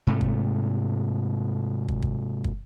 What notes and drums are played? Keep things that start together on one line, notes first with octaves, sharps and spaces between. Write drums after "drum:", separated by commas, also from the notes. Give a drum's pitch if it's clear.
G#2 C3 A3
drum: kick
drum: kick
drum: kick
drum: kick